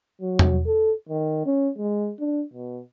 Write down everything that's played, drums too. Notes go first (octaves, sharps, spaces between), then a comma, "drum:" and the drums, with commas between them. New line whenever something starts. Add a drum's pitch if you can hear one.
F#3
drum: tom E2
A4
D#3
C#4
G#3
D4
B2